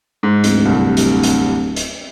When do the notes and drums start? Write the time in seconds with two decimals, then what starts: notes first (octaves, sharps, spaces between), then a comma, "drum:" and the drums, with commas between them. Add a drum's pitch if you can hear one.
0.23 G#2
0.44 D1, drum: hi-hat
0.65 C2 G2
0.97 drum: hi-hat
1.23 drum: hi-hat
1.76 drum: hi-hat